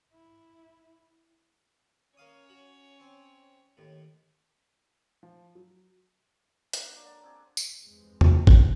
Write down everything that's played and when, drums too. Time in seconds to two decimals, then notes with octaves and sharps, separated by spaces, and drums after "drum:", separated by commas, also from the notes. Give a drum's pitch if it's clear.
0.13 E4
2.17 A#3 C#4 C#5 F5 D#6
2.49 F#4
3.00 C4
3.77 D#2 A2
5.23 F3
5.55 F#3
6.73 A#3 F#5, drum: hi-hat
6.89 F#3 D4 G4
7.03 A#3 D5 A5
7.23 C4 G#4
7.57 drum: tambourine
7.82 F1 E2 G2 G#3 B3 C4
8.21 drum: tom E2
8.47 drum: kick